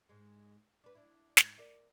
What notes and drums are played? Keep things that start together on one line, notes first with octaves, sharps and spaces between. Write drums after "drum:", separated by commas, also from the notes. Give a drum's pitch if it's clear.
G#2 G#3
D4 B4
D4 E4
G#2 C#5, drum: snare
A#4 D5 E5